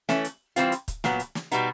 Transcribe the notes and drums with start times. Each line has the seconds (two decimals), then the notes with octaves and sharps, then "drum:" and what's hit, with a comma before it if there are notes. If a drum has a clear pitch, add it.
0.09 E3 A3 C#4, drum: snare
0.24 drum: hi-hat
0.56 E3 G3 C4 F4, drum: hi-hat
0.72 drum: hi-hat
0.88 drum: kick, hi-hat
1.04 A#2 F#3 B3, drum: snare
1.19 drum: hi-hat
1.35 drum: snare
1.51 B2 G3 B3 D#4, drum: hi-hat